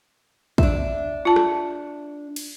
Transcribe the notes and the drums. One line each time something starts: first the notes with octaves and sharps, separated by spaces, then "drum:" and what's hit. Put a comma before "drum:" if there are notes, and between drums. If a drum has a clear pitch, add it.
D4 E5, drum: kick
F4 A5
drum: rim click
drum: cymbal